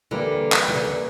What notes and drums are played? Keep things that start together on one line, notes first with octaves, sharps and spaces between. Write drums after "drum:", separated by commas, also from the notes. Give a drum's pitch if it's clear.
D3 E3 G3 A#3
drum: clap
D3 E3 G3 A#3
C#3
D3